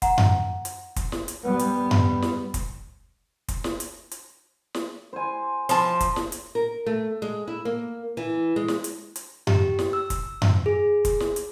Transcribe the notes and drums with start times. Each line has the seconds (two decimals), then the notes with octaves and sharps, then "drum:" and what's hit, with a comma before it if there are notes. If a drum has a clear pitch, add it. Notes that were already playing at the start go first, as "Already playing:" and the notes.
0.02 F#5 A#5, drum: kick, hi-hat
0.18 drum: tom F#2
0.65 drum: hi-hat
0.96 drum: kick, hi-hat
1.12 drum: snare
1.28 drum: hi-hat
1.44 G3 B3
1.59 drum: hi-hat
1.91 drum: tom F#2
2.22 drum: snare
2.54 drum: kick, hi-hat
3.48 drum: kick, hi-hat
3.64 drum: snare
3.80 drum: hi-hat
4.11 drum: hi-hat
4.74 drum: snare
5.13 C5 G#5
5.69 F3 A5 C6, drum: hi-hat
6.01 drum: kick, hi-hat
6.16 drum: snare
6.32 drum: hi-hat
6.55 A#4
6.86 A3
7.22 G#3
7.48 E4
7.65 A#3
8.17 E3
8.56 G#3
8.68 drum: snare
8.84 drum: hi-hat
9.16 drum: hi-hat
9.47 G4, drum: tom F#2
9.79 drum: snare
9.93 E6
10.10 drum: kick, hi-hat
10.42 drum: tom F#2
10.66 G#4
11.05 drum: kick, hi-hat
11.20 drum: snare
11.36 drum: hi-hat